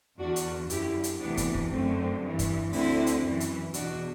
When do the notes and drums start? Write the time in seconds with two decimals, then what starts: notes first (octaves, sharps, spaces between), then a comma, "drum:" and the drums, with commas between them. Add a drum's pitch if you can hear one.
0.19 E2 D3 D4 F#4
0.36 drum: hi-hat
0.70 F#2 D3 E4 G4, drum: hi-hat
1.04 drum: hi-hat
1.20 D2 C3 E3 B3 D4
1.37 drum: kick, hi-hat
1.54 drum: kick
1.71 F#2 D3 A3 C4
2.22 G2 E3
2.39 drum: kick, hi-hat
2.73 D2 D3 C4 E4, drum: open hi-hat
3.07 drum: hi-hat
3.24 F#2 E3
3.40 drum: hi-hat
3.74 E2 B2 D4 F#4, drum: hi-hat